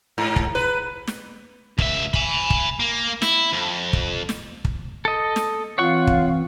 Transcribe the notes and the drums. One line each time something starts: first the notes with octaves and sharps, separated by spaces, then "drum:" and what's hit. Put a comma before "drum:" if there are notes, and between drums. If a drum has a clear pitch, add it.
G#2
drum: kick
B4
drum: snare
C#2 E5, drum: kick
G#5 B5, drum: kick
drum: kick
A#3
E4, drum: snare
F2
drum: kick
drum: snare
drum: kick
A4 D#5
drum: snare
E3 C4 F4 C#5 F5 F#5 C#6
drum: kick